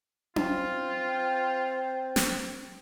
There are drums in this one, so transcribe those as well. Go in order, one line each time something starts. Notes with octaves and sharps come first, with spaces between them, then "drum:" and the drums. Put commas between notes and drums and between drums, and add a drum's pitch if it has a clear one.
C4 F4, drum: tom C#4
drum: snare